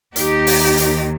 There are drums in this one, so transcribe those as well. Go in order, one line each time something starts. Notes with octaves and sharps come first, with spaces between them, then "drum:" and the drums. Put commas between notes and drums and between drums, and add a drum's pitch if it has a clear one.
D#2 D#3 D#4 G4, drum: hi-hat
drum: open hi-hat
drum: hi-hat